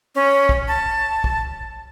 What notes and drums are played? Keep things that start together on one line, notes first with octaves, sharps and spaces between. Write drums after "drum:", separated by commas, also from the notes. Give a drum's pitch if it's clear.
C#4
drum: kick
A5
drum: kick